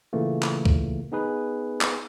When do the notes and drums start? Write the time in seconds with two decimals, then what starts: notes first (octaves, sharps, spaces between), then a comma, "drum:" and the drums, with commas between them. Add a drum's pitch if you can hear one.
0.13 A#2 C#3 E3 A3 A#3
0.42 drum: clap
0.65 drum: kick C#2
1.12 B3 D#4 G#4 B4
1.81 drum: clap